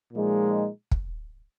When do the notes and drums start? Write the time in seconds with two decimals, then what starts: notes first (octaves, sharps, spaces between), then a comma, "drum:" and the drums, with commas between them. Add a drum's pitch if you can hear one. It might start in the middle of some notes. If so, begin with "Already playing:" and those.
0.13 A#2 F3 G#3 D#4
0.91 drum: kick